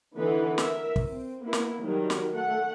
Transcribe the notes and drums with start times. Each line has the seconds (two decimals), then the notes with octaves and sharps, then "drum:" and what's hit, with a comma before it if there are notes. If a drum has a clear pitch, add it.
0.16 D3 E3 B3 D#4 B4
0.58 A#4 E5, drum: snare
0.96 drum: kick
1.08 C4
1.43 A#3 B3 E4
1.53 drum: snare
1.82 D#3 F#3 G3 A#4
2.10 drum: snare
2.32 A3 F#5